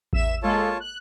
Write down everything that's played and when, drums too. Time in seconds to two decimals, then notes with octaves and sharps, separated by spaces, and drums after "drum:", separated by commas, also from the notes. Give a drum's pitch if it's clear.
0.13 E2 E5 E7, drum: kick A1
0.43 G#3 A#3 F4 A4 C#5 A5
0.80 F#6